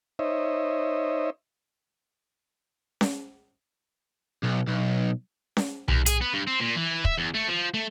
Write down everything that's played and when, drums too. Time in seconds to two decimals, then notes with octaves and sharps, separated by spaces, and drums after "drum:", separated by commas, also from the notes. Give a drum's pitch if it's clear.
0.19 D#4 C5 C#5 D#5 E5
3.01 drum: snare C#4
4.44 B1
4.68 B1
5.57 drum: snare C#4
5.88 D#2, drum: tom B1
6.06 G#4, drum: hi-hat
6.21 B3
6.34 G2
6.47 C4
6.60 A#2
6.76 E3
7.05 E5, drum: kick
7.18 E2
7.34 A3
7.48 F3
7.74 A3